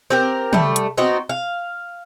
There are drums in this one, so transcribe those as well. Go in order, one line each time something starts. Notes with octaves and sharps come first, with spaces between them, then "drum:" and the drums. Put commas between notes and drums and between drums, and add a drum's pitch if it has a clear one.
C4 G4 A#4
G3 A3, drum: tom
drum: hi-hat
B3 C4 D#4 F#4
F5